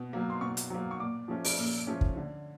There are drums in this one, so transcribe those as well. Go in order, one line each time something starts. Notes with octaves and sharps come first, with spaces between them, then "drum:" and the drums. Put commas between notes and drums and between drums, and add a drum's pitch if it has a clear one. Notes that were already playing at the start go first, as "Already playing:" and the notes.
Already playing: B2
F#3 A#3
C6
B2 C#6
drum: hi-hat
F#3 A#3
C#6
A#2 D6
F3 A3 C#4
drum: open hi-hat
A#2
F3 A3 C#4
drum: kick
D3